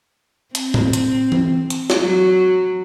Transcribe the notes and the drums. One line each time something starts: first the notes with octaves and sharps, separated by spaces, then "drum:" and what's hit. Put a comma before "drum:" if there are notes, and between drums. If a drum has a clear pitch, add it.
C4, drum: hi-hat
drum: tom A2
drum: hi-hat
drum: tom
drum: hi-hat
drum: snare
F#3